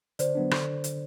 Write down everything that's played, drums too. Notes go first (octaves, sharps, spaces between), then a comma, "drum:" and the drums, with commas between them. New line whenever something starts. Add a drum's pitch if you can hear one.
D3 C5 D5, drum: hi-hat
F#3 B3 D4
D3, drum: rim click
drum: hi-hat